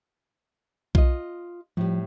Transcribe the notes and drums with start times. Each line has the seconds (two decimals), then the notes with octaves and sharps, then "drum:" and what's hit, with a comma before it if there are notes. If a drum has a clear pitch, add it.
0.95 F4 D#5, drum: kick B1
1.77 A2 F3 G3